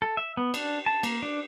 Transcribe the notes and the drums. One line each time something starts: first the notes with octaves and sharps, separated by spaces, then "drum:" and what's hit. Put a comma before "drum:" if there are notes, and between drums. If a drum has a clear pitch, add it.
A4
E5
B3
D4, drum: cymbal
A5
A#3, drum: cymbal
D4